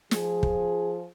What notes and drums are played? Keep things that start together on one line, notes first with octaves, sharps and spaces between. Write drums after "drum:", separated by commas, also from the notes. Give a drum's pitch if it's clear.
F3 G#4, drum: snare
drum: kick